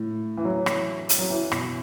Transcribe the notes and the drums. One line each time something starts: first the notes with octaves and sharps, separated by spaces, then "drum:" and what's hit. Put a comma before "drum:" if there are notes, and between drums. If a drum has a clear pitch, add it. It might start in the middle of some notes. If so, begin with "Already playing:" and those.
Already playing: A2
E3
F#3
drum: rim click
drum: hi-hat
F#3
E3
B2, drum: rim click